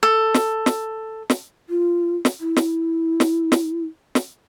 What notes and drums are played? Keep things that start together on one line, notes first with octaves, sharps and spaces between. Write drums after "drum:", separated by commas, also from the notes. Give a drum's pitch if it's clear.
A4
drum: snare
drum: snare
drum: snare
F4
drum: snare
E4
drum: snare
drum: snare
drum: snare
drum: snare